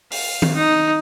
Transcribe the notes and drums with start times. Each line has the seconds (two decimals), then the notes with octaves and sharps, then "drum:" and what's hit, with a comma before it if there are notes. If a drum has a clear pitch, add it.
0.12 F5, drum: open hi-hat
0.42 drum: tom D#3
0.55 D#4